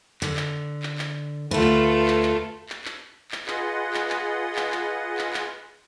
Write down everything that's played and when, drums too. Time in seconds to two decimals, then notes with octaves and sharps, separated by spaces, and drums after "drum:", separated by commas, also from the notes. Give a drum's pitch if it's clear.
0.22 D3, drum: clap
0.36 drum: clap
0.83 drum: clap
0.98 drum: clap
1.51 D2 A3 F4 B4
1.60 drum: clap
2.07 drum: clap
2.23 drum: clap
2.69 drum: clap
2.85 drum: clap
3.31 drum: clap
3.47 F4 G#4 B4 D#5 F#5 C6, drum: clap
3.94 drum: clap
4.09 drum: clap
4.56 drum: clap
4.71 drum: clap
5.18 drum: clap
5.33 drum: clap